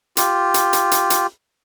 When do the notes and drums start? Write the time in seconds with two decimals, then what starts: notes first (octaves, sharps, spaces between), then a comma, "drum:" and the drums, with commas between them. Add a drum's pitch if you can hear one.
0.17 F4 G4, drum: hi-hat
0.54 drum: hi-hat
0.73 drum: hi-hat
0.92 drum: hi-hat
1.10 drum: hi-hat